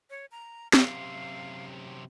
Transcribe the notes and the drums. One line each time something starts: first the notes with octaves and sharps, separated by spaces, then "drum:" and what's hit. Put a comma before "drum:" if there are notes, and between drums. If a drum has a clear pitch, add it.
C#5
A#5
F#2 C3 F5, drum: snare